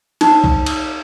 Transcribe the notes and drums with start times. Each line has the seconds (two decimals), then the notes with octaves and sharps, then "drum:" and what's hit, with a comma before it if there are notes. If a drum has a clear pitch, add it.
0.21 D#4, drum: cymbal
0.44 drum: kick B1
0.66 drum: cymbal